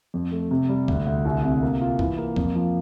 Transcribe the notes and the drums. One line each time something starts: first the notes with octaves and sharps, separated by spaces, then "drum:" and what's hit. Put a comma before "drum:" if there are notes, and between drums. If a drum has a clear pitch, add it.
F2
A3
C3
G3
D2, drum: kick
D2
C2
C3
A#3
F4
E3, drum: kick
A#3
F2, drum: kick
F3